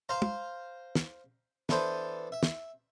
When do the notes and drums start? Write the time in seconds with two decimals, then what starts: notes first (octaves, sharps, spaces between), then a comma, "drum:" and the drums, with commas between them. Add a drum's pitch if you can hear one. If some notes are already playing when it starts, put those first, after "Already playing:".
0.09 C5 F5 A#5
0.22 drum: tom
0.95 drum: snare
1.69 E3 B3 D4 A4 C5, drum: snare
2.32 E5
2.43 drum: snare